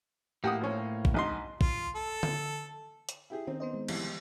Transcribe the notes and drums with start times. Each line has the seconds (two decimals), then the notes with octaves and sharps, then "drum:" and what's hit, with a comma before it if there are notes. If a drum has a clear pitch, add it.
0.44 A2 A#3 G4 F#5 D#6
0.61 F3 C#4
1.05 drum: kick
1.14 G#1 D#4 C6
1.61 F4, drum: kick
1.95 A4
2.23 drum: tom D3
3.09 drum: hi-hat
3.30 E4 G4 G#4
3.47 D#3 C4 C#4 D#4
3.60 B3 C5 D#5
3.74 G#3
3.88 C2 E3 F3 G4, drum: cymbal